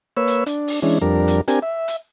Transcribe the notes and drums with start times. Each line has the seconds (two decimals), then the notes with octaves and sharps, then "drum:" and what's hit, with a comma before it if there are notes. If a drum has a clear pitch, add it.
0.17 A#3 B4 C#5 E6
0.28 drum: hi-hat
0.46 D4, drum: hi-hat
0.68 drum: open hi-hat
0.82 E3 G#3 C#4 D4
1.02 F2 G3 D4 A#4
1.28 drum: hi-hat
1.48 C4 D4 G4 A#4 G#5, drum: hi-hat
1.62 E5
1.88 drum: hi-hat